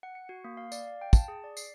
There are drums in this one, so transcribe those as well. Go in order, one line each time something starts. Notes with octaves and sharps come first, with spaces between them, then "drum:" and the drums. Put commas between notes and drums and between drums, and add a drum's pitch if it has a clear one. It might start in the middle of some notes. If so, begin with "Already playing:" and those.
F#5
C#7
F#4
A#3
F5
D5, drum: tambourine
F5
G5
A5, drum: kick, tambourine
G#4
D5
C7, drum: tambourine